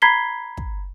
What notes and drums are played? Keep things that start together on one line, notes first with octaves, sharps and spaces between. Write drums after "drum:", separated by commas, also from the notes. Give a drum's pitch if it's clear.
A#5 B5 G#6 B6 C7 G7
drum: kick